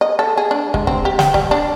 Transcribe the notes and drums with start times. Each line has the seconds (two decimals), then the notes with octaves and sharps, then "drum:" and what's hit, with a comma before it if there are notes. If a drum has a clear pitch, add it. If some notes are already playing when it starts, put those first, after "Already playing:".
0.01 D#5
0.19 A4
0.37 G#4
0.51 D4
0.74 G#3, drum: kick
0.87 C4, drum: kick
1.05 G4
1.19 G5, drum: snare
1.34 G3, drum: kick
1.51 D4